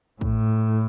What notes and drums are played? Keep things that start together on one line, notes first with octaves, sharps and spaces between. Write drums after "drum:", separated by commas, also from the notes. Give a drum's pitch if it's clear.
A2, drum: kick